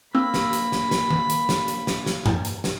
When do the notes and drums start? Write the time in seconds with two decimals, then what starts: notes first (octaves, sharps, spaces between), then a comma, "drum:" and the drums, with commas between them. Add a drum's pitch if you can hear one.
0.15 A#3 C4 B5 E6
0.34 drum: snare
0.53 drum: hi-hat
0.72 drum: snare
0.91 drum: snare
1.11 drum: tom D#3
1.30 drum: hi-hat
1.49 drum: snare
1.68 drum: hi-hat
1.87 drum: snare
2.06 drum: snare
2.26 drum: tom G2
2.45 drum: hi-hat
2.64 drum: snare